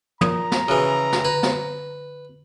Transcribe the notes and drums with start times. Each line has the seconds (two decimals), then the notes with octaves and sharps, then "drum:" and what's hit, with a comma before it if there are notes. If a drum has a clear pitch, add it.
0.21 F3 F4 A#4 A#5, drum: tom
0.52 drum: snare
0.68 C#3 E3 F#4 G#4
1.12 drum: snare
1.25 D3 B4
1.43 drum: snare